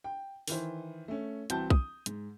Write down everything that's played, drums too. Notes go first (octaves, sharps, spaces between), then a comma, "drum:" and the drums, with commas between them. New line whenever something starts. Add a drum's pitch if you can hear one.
G5
D#3 E3 C5, drum: open hi-hat
A3 C#4
C2 E3 C4 F#4 A5 G6, drum: hi-hat
D#6, drum: kick
G#2, drum: hi-hat